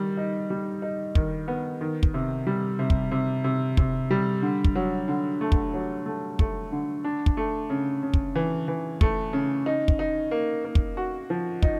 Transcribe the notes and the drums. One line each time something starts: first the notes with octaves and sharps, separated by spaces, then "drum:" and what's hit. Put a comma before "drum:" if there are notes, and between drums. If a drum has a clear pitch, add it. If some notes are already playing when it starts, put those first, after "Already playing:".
Already playing: D#3 G3
D#4
G3
D#4
D#3, drum: kick
B3
D#3
drum: kick
C3
G3
C3
drum: kick
C3
C3
C3, drum: kick
G3
D3
drum: kick
F#3
D3
A3
drum: kick
F#3
A3
A3, drum: kick
D3
D4
drum: kick
A3
C#3
C#3
drum: kick
E3
E3
A3, drum: kick
C#3
D#4
drum: kick
D#4
A#3
A#3
drum: kick
F#4
F3
D#4, drum: kick